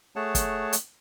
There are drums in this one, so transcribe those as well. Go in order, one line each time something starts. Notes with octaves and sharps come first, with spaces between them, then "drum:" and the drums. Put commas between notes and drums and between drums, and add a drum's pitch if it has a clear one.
A3 G#4 C#5 F#5 A5
drum: kick, hi-hat
drum: hi-hat